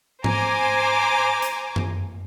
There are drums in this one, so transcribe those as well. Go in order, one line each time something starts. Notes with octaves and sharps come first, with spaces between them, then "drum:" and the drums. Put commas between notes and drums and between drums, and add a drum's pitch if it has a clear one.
C5 G#5 A#5 D6, drum: tom G#2
drum: hi-hat
drum: tom F#2